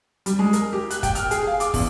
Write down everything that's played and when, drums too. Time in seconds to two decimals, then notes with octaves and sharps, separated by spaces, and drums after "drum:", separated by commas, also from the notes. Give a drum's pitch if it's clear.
0.26 G3, drum: hi-hat
0.39 G#3
0.53 A#4, drum: hi-hat
0.73 G4
0.90 F#6, drum: hi-hat
1.03 G5, drum: kick, hi-hat
1.15 F6, drum: hi-hat
1.31 G#4, drum: hi-hat
1.47 F5
1.60 D6, drum: hi-hat
1.74 E2, drum: kick, open hi-hat